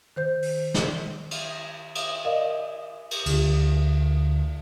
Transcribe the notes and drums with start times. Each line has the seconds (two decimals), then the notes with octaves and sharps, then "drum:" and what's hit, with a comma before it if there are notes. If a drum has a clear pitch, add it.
0.16 D#3 C5 G6
0.42 drum: open hi-hat
0.74 drum: snare
1.31 drum: cymbal
1.95 drum: cymbal
2.25 A#4 D5 D#5 F5
3.11 drum: cymbal
3.26 D2, drum: cymbal